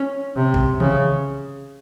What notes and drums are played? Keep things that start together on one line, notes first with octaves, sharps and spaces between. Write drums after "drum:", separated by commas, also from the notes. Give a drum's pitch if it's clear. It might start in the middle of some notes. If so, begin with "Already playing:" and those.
Already playing: C#4
C3
drum: kick
C#3, drum: tom D#3